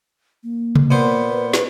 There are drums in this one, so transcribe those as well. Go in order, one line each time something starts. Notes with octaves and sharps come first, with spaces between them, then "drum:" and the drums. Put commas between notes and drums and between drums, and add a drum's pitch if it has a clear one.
A#3
drum: tom C3
A#2 B3 C5
B4
B4, drum: snare